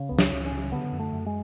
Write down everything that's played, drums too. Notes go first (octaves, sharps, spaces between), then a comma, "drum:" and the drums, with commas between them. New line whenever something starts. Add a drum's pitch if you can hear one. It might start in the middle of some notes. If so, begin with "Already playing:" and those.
Already playing: C#3
C#2 B3
C#4, drum: snare
C#2
C#4
C#3
D3 B3
F#2
A3
F#2
G#3